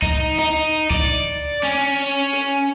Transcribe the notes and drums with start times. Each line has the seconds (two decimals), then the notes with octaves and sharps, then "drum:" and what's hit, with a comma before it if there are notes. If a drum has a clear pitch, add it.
0.02 D#4, drum: kick C#2
0.39 D#4
0.91 D5, drum: kick C#2
1.63 C#4
2.33 drum: hi-hat